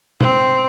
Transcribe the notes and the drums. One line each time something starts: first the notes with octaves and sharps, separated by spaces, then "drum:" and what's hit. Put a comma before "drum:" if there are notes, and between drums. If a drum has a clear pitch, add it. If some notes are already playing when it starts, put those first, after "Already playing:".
C4, drum: tom